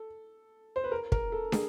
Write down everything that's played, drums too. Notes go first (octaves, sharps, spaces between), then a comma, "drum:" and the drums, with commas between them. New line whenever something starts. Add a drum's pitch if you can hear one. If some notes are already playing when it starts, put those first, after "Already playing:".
Already playing: A4
C5
B4
A#4
A#4, drum: kick
A4
G#4, drum: snare